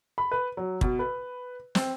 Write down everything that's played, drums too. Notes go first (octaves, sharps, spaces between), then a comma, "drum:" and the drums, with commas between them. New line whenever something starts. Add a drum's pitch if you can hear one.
B5
B4
F#3
B2, drum: kick
B4
C4, drum: snare